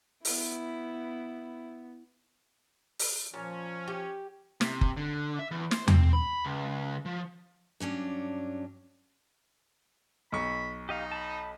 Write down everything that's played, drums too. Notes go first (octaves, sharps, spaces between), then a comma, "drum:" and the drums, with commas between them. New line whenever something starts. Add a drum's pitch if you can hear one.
B3 E4, drum: open hi-hat
drum: open hi-hat
A#2 F3 C#4
G4
C3, drum: snare
drum: kick F#1
D3
E5
E2
C5, drum: snare
C4, drum: tom E2
B5
C#2
F3
G2 F#3 C#4 D4
B1 B5 C#6
D#4 G4 D#5 F5
A5 B5